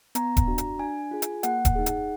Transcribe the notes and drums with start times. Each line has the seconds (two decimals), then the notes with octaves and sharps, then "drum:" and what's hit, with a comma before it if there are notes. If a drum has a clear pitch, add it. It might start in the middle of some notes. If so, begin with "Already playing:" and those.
0.15 B3 A#5, drum: hi-hat
0.37 drum: kick D#1, hi-hat
0.47 D4 F#4
0.58 drum: hi-hat
0.79 D4 G#5
1.11 F4 G#4
1.22 drum: hi-hat
1.43 A#3 F#5, drum: hi-hat
1.65 drum: kick D#1, hi-hat
1.76 D#4 G#4
1.86 drum: hi-hat